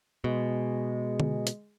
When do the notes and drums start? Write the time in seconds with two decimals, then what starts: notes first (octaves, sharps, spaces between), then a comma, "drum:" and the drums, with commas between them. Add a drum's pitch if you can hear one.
0.24 B2 G#3
1.20 drum: tom D3
1.47 drum: hi-hat